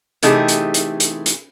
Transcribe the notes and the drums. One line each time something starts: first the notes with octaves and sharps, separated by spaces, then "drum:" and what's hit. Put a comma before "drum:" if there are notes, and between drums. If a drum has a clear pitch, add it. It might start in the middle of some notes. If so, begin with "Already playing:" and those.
C3 E3 A3 D#4 G4 G#4, drum: hi-hat
drum: hi-hat
drum: hi-hat
drum: hi-hat
drum: hi-hat